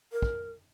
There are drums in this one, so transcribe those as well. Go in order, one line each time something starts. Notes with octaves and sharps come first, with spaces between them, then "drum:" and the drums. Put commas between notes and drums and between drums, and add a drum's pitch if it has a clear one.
A#4
drum: kick